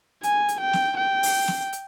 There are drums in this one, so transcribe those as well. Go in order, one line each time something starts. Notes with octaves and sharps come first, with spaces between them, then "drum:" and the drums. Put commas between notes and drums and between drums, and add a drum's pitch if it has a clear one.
G#5, drum: hi-hat
drum: hi-hat
G5
drum: snare
G5
drum: open hi-hat
drum: snare
drum: hi-hat